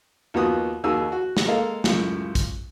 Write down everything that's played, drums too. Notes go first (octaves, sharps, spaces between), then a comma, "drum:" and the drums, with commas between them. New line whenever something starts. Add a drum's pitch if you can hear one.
D#2 F3 B3 F#4 D#6
D#2 D#3 F#4 G#4 G#5 E6
F#4
drum: snare
G#3 A#3 A4 D#5 F5
C#2 F#2 A2 C#3, drum: snare
drum: kick, hi-hat